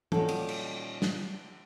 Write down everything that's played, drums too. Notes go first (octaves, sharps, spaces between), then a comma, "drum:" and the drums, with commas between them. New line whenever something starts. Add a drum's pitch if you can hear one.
A#2 D#3 G3 C#4 F#4 A4, drum: tom
drum: cymbal
drum: cymbal
drum: snare